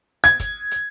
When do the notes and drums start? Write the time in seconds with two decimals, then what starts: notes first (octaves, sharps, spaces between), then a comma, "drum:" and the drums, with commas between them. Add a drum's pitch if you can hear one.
0.24 G#6, drum: hi-hat
0.40 drum: kick, hi-hat
0.71 drum: hi-hat